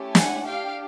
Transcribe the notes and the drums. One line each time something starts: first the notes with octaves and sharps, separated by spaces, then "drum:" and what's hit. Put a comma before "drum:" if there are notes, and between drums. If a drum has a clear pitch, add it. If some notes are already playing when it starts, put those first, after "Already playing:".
Already playing: A3 C#4 E4 G4
F#5 G#5, drum: snare
D4 G4 F5 G5